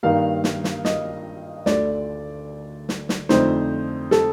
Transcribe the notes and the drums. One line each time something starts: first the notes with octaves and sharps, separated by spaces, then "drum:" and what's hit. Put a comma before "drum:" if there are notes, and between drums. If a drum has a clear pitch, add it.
G2 D#3 A#3 D#4 F5
drum: snare
drum: snare
D#5, drum: snare
D2 D3 A3 D5, drum: snare
drum: snare
drum: snare
F2 D3 A3 D#4 C5, drum: snare
A4, drum: snare